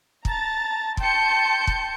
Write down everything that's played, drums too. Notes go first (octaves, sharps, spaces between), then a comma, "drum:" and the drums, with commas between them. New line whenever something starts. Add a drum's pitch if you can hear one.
A5 A#5 A6, drum: kick
G5 A5 C6 G6 C#7, drum: kick
drum: kick